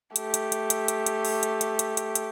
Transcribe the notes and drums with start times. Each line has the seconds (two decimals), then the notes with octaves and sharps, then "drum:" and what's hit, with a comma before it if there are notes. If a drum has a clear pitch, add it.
0.16 A3 G4, drum: hi-hat
0.34 drum: hi-hat
0.52 drum: hi-hat
0.70 drum: hi-hat
0.88 drum: hi-hat
1.06 drum: hi-hat
1.25 drum: open hi-hat
1.43 drum: hi-hat
1.61 drum: hi-hat
1.79 drum: hi-hat
1.97 drum: hi-hat
2.15 drum: hi-hat